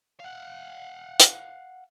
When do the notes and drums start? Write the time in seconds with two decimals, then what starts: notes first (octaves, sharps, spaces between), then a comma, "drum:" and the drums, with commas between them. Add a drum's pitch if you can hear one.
0.20 F5 F#5
1.20 drum: hi-hat